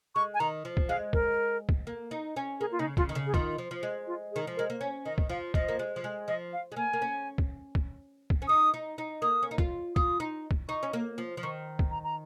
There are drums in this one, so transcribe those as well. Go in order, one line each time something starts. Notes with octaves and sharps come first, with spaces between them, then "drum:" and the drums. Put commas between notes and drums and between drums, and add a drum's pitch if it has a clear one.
G#3 C#6
G#5
D#3 A#5
F3
drum: kick
G#3 F5
A#4, drum: kick
drum: kick
A#3
D#4
C#4
A#3 G#4
F4
C#3 D#4
C#3 F4, drum: kick
D#3
C#3
G#4
D#3 F4, drum: kick
F3
F3
G#3
F4
G#4
D#3
F3
G#3 A#4
A#3
C#4 C#5
D#3 D#5
drum: kick
F3 F5
F3 D#5, drum: kick
A#3
G#3
F3
G#3
F3 D#5
F5
G#3
A#3 G#5
A#3
C#4
drum: kick
drum: kick
drum: kick
C#4
D#4 D#6
D#4
D#4
A#3 D#6
C#4
D#4
F4, drum: kick
F4 D#6, drum: kick
D#4
drum: kick
D#4 C#6
C#4
A#3
F3
F3
D#3 C#6
drum: kick
A#5
A#5